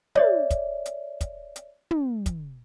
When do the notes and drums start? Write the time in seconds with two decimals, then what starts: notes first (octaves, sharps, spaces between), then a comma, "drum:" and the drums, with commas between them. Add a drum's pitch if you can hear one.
0.15 C#5 D5 E5, drum: tom
0.50 drum: kick, hi-hat
0.86 drum: hi-hat
1.21 drum: kick, hi-hat
1.56 drum: hi-hat
1.91 drum: tom
2.26 drum: kick, hi-hat